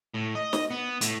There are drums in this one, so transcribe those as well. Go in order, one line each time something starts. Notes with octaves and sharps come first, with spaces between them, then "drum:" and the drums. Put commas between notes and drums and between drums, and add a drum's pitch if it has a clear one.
A2
D#5
drum: snare
B3
A2, drum: hi-hat